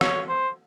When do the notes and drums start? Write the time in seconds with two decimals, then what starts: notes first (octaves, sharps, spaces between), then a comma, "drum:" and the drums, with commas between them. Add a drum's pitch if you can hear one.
0.01 C#5, drum: rim click
0.29 C5